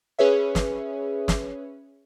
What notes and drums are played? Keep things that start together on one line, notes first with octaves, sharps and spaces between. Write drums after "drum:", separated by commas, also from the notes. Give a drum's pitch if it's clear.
C#4 G#4 B4 C#5 E5
drum: snare
drum: snare